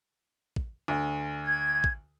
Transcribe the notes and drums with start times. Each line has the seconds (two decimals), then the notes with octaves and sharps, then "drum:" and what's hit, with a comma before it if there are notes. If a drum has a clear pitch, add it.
0.56 drum: kick
0.88 D2
1.44 G#6
1.84 drum: kick